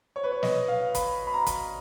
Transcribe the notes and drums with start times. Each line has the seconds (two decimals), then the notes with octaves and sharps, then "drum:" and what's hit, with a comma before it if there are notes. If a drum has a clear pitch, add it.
0.16 C#5
0.24 B4
0.32 C#5
0.43 D#5, drum: snare
0.68 F5
0.95 B5, drum: kick, hi-hat
1.27 B5
1.34 A#5
1.47 drum: kick, hi-hat